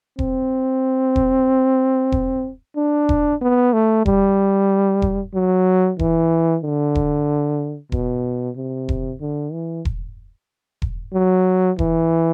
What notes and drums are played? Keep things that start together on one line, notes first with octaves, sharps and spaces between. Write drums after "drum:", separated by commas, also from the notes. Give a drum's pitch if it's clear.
C4, drum: kick E1
drum: kick E1
drum: kick E1
D4
drum: kick E1
B3
A3
G3, drum: kick E1
drum: kick E1
F#3
E3, drum: kick E1
D3
drum: kick E1
B2, drum: kick E1
C3
drum: kick E1
D3
E3
drum: kick E1
drum: kick E1
F#3
E3, drum: kick E1